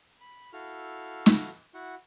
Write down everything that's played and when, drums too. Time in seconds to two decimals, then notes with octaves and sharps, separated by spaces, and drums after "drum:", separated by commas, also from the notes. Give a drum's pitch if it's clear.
0.21 B5
0.53 E4 F#4 A4 F5 F6
1.26 drum: snare
1.74 E4 F#4 F#5